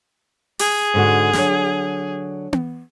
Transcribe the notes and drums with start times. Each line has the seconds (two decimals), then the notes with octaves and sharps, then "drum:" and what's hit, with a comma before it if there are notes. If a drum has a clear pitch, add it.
0.59 G#4, drum: open hi-hat
0.94 G#2 D3 F#4
1.33 D3 F#3, drum: snare
2.53 drum: tom B3